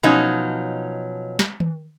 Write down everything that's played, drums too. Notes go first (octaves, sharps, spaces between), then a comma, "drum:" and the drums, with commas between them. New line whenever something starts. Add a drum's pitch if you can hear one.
B2 F3 F#3 C#4 D#4
drum: snare
drum: tom D#3